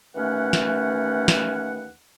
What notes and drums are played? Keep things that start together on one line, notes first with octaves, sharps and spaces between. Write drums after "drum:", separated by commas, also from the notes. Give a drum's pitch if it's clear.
D#2 E3 A3 C#4 F#5
drum: snare
drum: snare